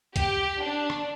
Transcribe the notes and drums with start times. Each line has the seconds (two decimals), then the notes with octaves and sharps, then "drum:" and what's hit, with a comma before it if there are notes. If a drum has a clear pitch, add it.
0.16 G4, drum: kick, hi-hat
0.62 D4
0.90 drum: rim click